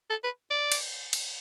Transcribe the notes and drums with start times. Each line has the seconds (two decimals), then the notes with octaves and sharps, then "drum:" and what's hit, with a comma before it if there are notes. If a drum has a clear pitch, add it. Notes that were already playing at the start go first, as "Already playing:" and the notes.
0.10 A4
0.24 B4
0.51 D5
0.72 drum: cymbal
1.13 drum: cymbal